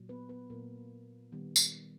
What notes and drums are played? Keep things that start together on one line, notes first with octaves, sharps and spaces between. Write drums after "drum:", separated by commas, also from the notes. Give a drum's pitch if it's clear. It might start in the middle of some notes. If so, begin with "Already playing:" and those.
Already playing: A#2 F#3
B3 B4
B3 B4
A#2 F#3 A#3 B3 A#4
D#3 G3 B3
drum: tambourine